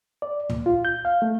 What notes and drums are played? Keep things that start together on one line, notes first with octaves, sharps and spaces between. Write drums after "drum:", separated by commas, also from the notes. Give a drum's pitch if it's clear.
D5
A#2, drum: tom C#2
F4
G6
F5
A3